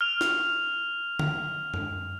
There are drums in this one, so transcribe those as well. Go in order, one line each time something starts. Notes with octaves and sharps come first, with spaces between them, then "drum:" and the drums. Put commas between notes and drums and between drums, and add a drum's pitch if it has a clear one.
F6 F7
drum: snare
drum: tom D3
drum: tom F#2